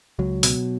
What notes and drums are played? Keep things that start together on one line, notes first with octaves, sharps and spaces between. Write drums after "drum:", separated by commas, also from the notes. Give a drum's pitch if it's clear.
C#2 F#3
B2, drum: open hi-hat